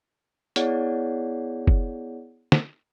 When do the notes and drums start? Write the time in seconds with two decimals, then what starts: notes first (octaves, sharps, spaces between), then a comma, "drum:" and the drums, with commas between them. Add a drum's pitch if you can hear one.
0.56 B3 E4 G#4 C#5 D5 F#5, drum: hi-hat
1.67 drum: kick
2.52 drum: snare